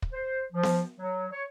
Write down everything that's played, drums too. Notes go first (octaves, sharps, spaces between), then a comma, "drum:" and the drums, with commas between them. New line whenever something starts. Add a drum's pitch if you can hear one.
drum: kick
C5
F3
drum: snare B3
F#3
C#5